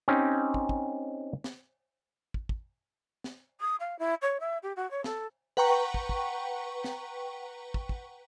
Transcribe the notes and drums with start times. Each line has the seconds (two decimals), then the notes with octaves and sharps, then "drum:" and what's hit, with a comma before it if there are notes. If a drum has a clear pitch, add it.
0.08 C4 C#4 D#4 G4
0.54 drum: kick
0.69 drum: kick
1.44 drum: snare
2.34 drum: kick
2.49 drum: kick
3.24 drum: snare
3.60 D#6
3.80 F5
3.99 E4
4.22 C#5
4.40 E5
4.63 G4
4.76 F#4
4.91 C#5
5.04 A4, drum: snare
5.57 B4 F#5 G5 A#5 C#6
5.94 drum: kick
6.09 drum: kick
6.84 drum: snare
7.74 drum: kick
7.89 drum: kick